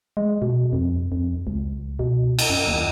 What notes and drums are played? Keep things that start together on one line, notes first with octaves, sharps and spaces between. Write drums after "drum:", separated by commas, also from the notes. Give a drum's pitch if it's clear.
G#3
B2
F2
F2
C#2
B2
drum: cymbal
F#2
D#2